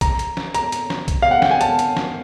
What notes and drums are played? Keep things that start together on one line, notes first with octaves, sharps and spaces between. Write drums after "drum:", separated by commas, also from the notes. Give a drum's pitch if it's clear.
A#5, drum: kick, hi-hat
drum: hi-hat
drum: snare
A#5, drum: hi-hat
drum: hi-hat
drum: snare
drum: kick, hi-hat
F5
F#5
G5, drum: snare
G#5
A5, drum: hi-hat
drum: hi-hat
drum: snare